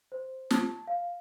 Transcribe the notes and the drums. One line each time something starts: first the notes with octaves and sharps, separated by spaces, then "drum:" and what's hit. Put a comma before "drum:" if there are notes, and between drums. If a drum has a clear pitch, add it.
C5
A5, drum: snare
F5